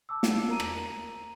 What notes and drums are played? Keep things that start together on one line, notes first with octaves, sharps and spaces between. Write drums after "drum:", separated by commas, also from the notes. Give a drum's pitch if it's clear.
A5 D6 E6
drum: snare
A#4 A#5 D#7
drum: rim click